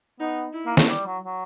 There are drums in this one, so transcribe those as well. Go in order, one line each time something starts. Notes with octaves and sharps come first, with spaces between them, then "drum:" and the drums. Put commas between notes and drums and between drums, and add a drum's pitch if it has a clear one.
B3 D#4
E4
A#3
A3, drum: snare
G3
F#3
F#3